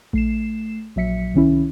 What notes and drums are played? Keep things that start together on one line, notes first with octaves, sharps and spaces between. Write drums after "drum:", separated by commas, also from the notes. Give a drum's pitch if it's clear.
A3 C7 E7, drum: kick A#1
A#1 F#3 E5 B6 C#7
C2 D#3 C#4 E4